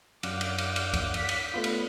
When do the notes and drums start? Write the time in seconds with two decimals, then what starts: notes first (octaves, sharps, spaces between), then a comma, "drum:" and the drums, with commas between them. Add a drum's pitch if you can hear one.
0.23 F#2 D5 F5 F#5 D6, drum: cymbal
0.41 drum: cymbal
0.58 drum: cymbal
0.76 drum: cymbal
0.94 drum: kick C#2, cymbal
1.14 B6, drum: cymbal
1.29 drum: cymbal
1.54 A3 B3 F4 B4
1.64 drum: cymbal